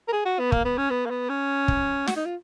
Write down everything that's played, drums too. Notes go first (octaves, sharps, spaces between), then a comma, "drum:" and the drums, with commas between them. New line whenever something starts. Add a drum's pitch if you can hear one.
A#4
G#4
F#4
B3
A#3, drum: kick
B3
C#4
B3
A#3
B3
C#4
drum: kick
F#4, drum: snare
D#4
F4